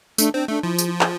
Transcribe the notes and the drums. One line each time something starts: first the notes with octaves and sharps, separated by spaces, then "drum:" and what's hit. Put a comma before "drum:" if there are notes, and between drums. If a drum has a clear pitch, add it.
A3 D4, drum: tambourine
C4 D4
A3 D4
F3 E4
G#4, drum: tambourine
E4
F4
G#4, drum: clap